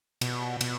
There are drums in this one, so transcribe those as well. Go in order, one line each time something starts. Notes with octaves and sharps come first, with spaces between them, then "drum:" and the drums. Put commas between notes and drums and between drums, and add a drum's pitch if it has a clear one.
B2, drum: cymbal
B2, drum: cymbal